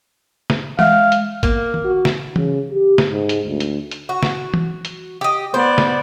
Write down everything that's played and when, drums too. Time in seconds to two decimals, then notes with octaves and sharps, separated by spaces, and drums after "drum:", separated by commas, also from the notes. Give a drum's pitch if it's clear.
0.50 drum: snare
0.79 G#3 E5 F5, drum: tom E3
1.12 drum: hi-hat
1.43 A#3, drum: kick A1, hi-hat
1.74 drum: tom
1.84 F#4
2.05 drum: snare
2.36 C#3, drum: tom E3
2.72 G4
2.98 drum: snare
3.09 G#2
3.29 drum: hi-hat
3.47 D2
3.60 drum: hi-hat
3.91 drum: hi-hat
4.09 F#4
4.23 drum: snare
4.54 drum: tom E3
4.85 drum: hi-hat
5.21 G4 D#5
5.54 B3 C5 D5
5.78 drum: snare